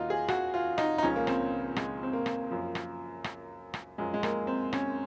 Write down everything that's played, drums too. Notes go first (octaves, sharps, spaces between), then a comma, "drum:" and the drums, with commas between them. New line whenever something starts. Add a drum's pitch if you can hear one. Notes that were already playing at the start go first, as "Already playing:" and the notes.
Already playing: D#2 D#3 D#4 F4 F#4
G#4
F#4, drum: rim click
F4
D#4, drum: rim click
D#4
C#2 C#3 F3 C#4
A#3
C4, drum: rim click
G#3, drum: rim click
C4
A#3
drum: rim click
F#2 F3
drum: rim click
drum: rim click
drum: rim click
F#2 F3 G#3
G#3
A#3, drum: rim click
C4
C#4, drum: rim click